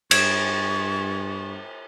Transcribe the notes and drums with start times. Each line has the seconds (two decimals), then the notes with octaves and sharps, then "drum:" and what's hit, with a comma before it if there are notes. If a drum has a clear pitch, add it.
0.11 G2 C#6 G#6, drum: cymbal